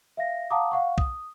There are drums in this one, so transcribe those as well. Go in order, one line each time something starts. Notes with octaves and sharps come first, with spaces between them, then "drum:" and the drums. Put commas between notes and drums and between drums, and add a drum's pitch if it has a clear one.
E5 F5 A#6
F5 F#5 A5 A#5 D6 D#6
F5 F#5 C#6
D#6, drum: kick C2